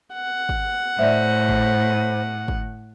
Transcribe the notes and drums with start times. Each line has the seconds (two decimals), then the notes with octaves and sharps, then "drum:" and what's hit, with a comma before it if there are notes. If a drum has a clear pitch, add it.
0.15 F#5
0.49 drum: kick G#1
0.99 A2 C5 D5 E5
1.49 drum: kick G#1
2.48 drum: kick G#1